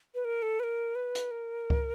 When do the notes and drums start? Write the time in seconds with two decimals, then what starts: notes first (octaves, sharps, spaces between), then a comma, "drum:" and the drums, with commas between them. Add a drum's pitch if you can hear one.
0.15 B4
0.25 A#4
0.42 A4
0.60 B4
0.63 A#4
0.95 B4
1.15 drum: hi-hat
1.31 A#4
1.70 drum: kick C#2